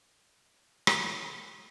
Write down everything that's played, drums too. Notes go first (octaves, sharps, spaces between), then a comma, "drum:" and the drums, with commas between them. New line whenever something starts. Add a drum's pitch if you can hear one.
A4 C#5 D5 F5
A2 A#3 A#4
F#3 A#3 D4
drum: rim click
A5 B5 C#6 D6 F6
C5
C4 D#4 E4 G4 G#4